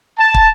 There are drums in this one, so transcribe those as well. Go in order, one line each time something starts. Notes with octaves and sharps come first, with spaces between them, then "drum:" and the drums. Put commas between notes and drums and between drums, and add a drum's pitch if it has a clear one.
A5
drum: kick